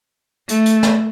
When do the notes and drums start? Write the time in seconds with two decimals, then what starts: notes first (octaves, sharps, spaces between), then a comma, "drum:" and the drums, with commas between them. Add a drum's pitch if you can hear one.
0.49 A3, drum: hi-hat
0.66 drum: hi-hat
0.83 drum: snare